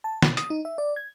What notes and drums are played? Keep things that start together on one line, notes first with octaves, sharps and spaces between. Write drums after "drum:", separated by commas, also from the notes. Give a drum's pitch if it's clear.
A5
B2, drum: snare
D#6, drum: hi-hat
D#4
E5
D5
G#6